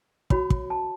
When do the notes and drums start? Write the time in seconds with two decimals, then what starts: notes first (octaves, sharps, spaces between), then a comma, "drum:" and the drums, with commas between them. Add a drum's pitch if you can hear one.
0.30 F#4 C#5 B5, drum: kick
0.50 drum: kick
0.70 A5